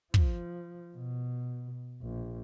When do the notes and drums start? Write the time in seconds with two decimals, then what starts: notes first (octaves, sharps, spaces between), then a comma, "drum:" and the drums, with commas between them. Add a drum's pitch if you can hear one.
0.14 F3, drum: kick
0.96 B2
2.02 A#1